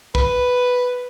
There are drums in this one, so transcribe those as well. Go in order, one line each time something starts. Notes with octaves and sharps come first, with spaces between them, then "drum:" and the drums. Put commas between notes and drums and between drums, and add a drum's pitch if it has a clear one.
B4, drum: kick